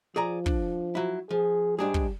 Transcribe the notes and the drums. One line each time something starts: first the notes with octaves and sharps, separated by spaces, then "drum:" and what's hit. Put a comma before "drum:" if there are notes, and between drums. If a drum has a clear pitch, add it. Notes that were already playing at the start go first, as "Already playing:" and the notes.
F3 G#4 D5 A#5
D4, drum: kick
F#3 E4
F3 G#4
G#2 G3 D4 G#4
drum: kick